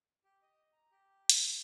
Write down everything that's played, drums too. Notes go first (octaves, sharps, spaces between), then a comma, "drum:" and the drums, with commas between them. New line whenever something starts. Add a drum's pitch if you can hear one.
G4
D#5
A#5
G4
drum: hi-hat